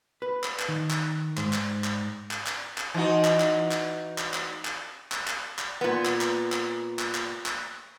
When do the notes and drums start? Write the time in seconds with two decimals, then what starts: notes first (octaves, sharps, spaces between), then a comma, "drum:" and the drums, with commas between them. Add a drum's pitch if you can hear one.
0.22 B4
0.44 drum: clap
0.59 drum: clap
0.68 D#3
0.90 drum: clap
1.37 G#2, drum: clap
1.53 drum: clap
1.84 drum: clap
2.31 drum: clap
2.47 drum: clap
2.78 drum: clap
2.94 E3 D#4 F#4
3.25 drum: clap
3.40 drum: clap
3.71 drum: clap
4.18 drum: clap
4.34 drum: clap
4.65 drum: clap
5.12 drum: clap
5.27 drum: clap
5.59 drum: clap
5.81 A#2 B3
6.05 drum: clap
6.21 drum: clap
6.52 drum: clap
6.99 drum: clap
7.15 drum: clap
7.46 drum: clap